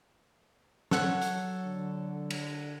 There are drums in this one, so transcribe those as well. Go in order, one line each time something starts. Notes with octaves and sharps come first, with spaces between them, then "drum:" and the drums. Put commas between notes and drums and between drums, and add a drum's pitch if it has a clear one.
F#3 A4 C#5 F#5, drum: snare
drum: hi-hat
D3
drum: cymbal